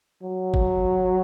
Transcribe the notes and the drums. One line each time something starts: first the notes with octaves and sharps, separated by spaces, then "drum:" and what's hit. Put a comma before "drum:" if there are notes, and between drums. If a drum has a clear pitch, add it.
F#3
drum: kick G1